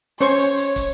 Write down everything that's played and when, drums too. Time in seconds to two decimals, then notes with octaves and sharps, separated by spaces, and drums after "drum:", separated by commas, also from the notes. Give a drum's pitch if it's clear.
0.21 C#4 C5 C#5 C#6, drum: hi-hat
0.39 drum: hi-hat
0.57 drum: hi-hat
0.76 drum: kick, hi-hat